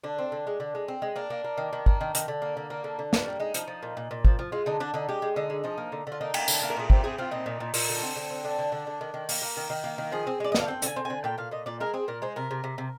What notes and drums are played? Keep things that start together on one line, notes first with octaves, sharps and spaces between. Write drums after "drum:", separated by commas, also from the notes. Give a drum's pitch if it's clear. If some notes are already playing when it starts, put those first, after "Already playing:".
D3 D4
C4
D3
G#3
D3
G#3
C4
G#3
A#3 D4
A#3
A#3
D#3
D#3
A#3, drum: kick
D#3
D#3, drum: hi-hat
D3
A#3
D3
A#3
D3
D3
A#3, drum: snare
G3
G#3 D#4
F3, drum: hi-hat
F3
A#2
A#2
A#2
F3, drum: kick
F3
G#3 F4
D3 D#4
D3 D4
D3 D#4
G#3 G4
G#3
D3 D#4
G#3
F3 D#4
A#3
D3
D3
F4
A#3 D#4
A#3, drum: cymbal
D3, drum: tambourine
A#3
A#4
A#2 G#4
C4 G4, drum: kick
C4 G#4
C4 F4
A#2 D#4
A#2
A#2
A#2, drum: open hi-hat
D3
C4
D3
C4
D3 D4
D3
D3
D3
D#3
D#3
A#3, drum: open hi-hat
A#3
D#3
D#3
A#3
D#3
F3 G#4
C4
G#3 D5
D#5
D3, drum: snare
F5
C4 G5
D3 G#5, drum: hi-hat
C4
D3 G#5
A#2 G5
A#2 F5
A#2 D#5
A#2 D5
G#3 A#4
C4 G#4
A#2 A#4
G#3 C5
C3 A#4
C3
C3
C3